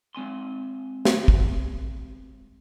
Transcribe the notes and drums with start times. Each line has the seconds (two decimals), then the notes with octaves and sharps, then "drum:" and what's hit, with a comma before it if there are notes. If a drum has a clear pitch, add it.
0.15 G#3 C4 G#5 C6
1.05 drum: snare
1.28 drum: kick